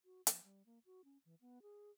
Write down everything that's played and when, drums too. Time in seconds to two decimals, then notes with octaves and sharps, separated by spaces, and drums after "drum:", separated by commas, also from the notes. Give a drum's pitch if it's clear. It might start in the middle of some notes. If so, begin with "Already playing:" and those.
0.05 F#4
0.27 F3, drum: hi-hat
0.43 G3
0.66 A#3
0.86 F#4
1.04 C#4
1.25 E3
1.41 B3
1.62 G#4